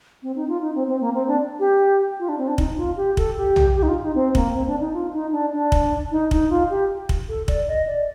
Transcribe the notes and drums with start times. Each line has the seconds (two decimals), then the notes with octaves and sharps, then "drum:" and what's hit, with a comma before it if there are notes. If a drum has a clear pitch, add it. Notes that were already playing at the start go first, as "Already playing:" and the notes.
0.23 C4
0.36 D#4
0.49 F4
0.61 D#4
0.75 C4
0.87 C4
1.01 A#3
1.14 C4
1.27 D4
1.59 G4
2.19 F4
2.29 D4
2.38 C4
2.48 D4
2.58 D#4, drum: kick
2.77 F4
2.97 G4
3.17 A4, drum: kick
3.37 G4
3.56 drum: tom B1
3.76 G4
3.83 D#4
3.89 F4
4.02 D#4
4.15 C4
4.35 A#3, drum: kick
4.54 C4
4.67 D4
4.80 D#4
4.93 F4
5.13 D#4
5.32 D4
5.53 D4
5.72 drum: kick
6.11 D#4
6.31 D#4, drum: kick
6.50 F4
6.70 G4
7.09 drum: kick
7.29 A4
7.48 D5, drum: kick
7.68 D#5
7.87 D5